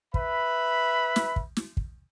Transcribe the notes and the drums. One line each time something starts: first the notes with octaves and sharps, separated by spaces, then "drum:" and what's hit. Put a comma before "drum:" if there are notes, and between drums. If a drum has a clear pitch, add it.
B4 E5 B5, drum: kick
drum: snare
drum: kick
drum: snare
drum: kick